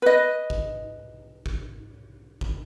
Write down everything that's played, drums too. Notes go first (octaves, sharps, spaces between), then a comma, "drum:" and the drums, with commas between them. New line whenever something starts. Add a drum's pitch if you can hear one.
B4 D#5
drum: kick G1
drum: kick G1
drum: kick G1